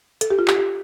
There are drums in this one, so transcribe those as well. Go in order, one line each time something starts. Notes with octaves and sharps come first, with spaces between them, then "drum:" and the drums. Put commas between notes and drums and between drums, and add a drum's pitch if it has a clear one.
A4, drum: hi-hat
G4
F4
G4, drum: clap
G4